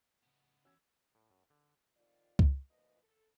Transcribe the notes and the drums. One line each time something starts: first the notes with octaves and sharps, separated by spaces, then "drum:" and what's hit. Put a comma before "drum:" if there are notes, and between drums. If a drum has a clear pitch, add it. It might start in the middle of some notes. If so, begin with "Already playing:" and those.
C#3 B3
E2 C#4 F#4 E6 G#6
A2
F#2
D3
F2 D#3 F4 D5
drum: kick C#2
D2 A#2 F3 B4 D#5
A4